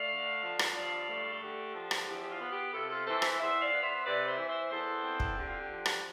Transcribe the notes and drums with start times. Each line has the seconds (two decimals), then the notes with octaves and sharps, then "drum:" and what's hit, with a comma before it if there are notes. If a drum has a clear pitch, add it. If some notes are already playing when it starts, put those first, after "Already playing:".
Already playing: A3 D5 F5
0.10 D3
0.43 F3
0.59 drum: rim click
0.76 G2 D5 F5
1.08 A3
1.32 A4
1.41 D3 G4
1.74 F3
1.91 drum: rim click
2.08 E2 G4
2.22 G4
2.30 F4
2.40 B3
2.51 G4
2.73 C3 F4 A4
2.89 F4 A4
3.06 E3 A4 C5
3.22 C5 E5, drum: rim click
3.39 E2 C5 E5
3.61 D5 F5
3.72 B3
3.83 C5 E5
4.04 C3 B4 D5
4.27 C5 E5
4.37 E3
4.48 C5 E5
4.70 E2 A4 C5
5.03 C4
5.20 drum: kick
5.36 D3 G4
5.48 F4
5.59 G4
5.69 F3
5.86 drum: rim click